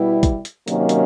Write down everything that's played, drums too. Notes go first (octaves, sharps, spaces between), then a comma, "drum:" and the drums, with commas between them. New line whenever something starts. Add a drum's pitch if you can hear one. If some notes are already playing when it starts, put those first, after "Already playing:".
Already playing: B2 G3 B3 E4
drum: kick, hi-hat
drum: hi-hat
C3 D#3 F#3 A#3 C#4, drum: hi-hat
drum: hi-hat